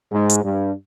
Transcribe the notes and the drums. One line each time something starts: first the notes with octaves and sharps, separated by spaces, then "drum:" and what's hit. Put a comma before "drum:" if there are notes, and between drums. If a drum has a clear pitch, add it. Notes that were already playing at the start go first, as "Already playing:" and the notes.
G#2
drum: hi-hat
G2